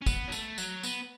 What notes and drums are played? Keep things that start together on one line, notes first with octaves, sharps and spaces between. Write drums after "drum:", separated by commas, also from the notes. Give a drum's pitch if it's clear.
C#4
B3, drum: kick, tambourine
F#3
A3, drum: tambourine
F#3, drum: tambourine
B3, drum: tambourine